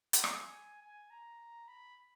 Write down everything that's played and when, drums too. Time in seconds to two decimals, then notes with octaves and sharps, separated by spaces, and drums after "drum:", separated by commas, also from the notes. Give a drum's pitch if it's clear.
0.13 drum: hi-hat
0.24 G#5, drum: rim click
0.81 G#5
1.10 A#5
1.68 B5